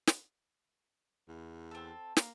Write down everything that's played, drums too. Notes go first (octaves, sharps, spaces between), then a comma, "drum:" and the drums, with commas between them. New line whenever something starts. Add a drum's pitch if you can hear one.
drum: snare
E2
C4 A4
A#3, drum: snare